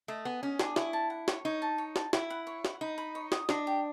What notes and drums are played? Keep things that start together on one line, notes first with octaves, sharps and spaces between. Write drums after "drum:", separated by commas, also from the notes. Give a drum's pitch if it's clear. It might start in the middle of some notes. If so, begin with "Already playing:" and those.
A3 D#5
B3 G#4
C#4 D#5
D4 G#4, drum: snare
E4 C#5, drum: snare
A5
F#5
C#5, drum: snare
D#4 C#5
A5
C#5
A5, drum: snare
E4 B5, drum: snare
F#5
C#5
F#5, drum: snare
D#4 B5
B5
C#5
D#6, drum: snare
D4 D#5, drum: snare
G4